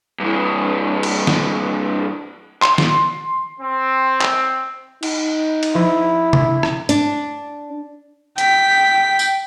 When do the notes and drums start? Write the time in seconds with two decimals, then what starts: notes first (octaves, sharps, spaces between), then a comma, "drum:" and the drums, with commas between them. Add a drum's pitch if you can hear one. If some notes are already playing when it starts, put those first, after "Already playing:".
0.20 G2 E3
1.03 drum: cymbal
1.27 drum: snare
2.62 C6, drum: clap
2.78 drum: snare
3.59 C4
4.21 drum: clap
5.03 D#4, drum: cymbal
5.63 drum: cymbal
5.75 F3 E4
6.33 drum: tom C3
6.63 drum: rim click
6.89 D4, drum: hi-hat
8.38 G5 B6, drum: hi-hat
9.19 drum: tambourine